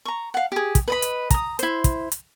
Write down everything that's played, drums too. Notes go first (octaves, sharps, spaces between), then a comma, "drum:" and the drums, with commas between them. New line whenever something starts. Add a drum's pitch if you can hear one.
A#5 C#6
F5 F#5
G4 G#4
drum: kick, hi-hat
B4 D#5 B5
drum: hi-hat
A#5 D#6, drum: kick, hi-hat
E4 C5, drum: hi-hat
drum: kick, hi-hat
drum: hi-hat